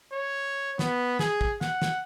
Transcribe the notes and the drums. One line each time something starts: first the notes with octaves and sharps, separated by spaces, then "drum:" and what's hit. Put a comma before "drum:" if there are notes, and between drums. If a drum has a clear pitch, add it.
C#5
B3, drum: snare
G#4, drum: snare
drum: kick
F#5, drum: snare
drum: snare